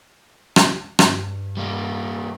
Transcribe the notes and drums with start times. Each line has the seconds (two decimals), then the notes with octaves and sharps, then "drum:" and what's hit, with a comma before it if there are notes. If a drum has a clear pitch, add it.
0.56 drum: rim click
0.99 G2, drum: rim click
1.57 G3 A#3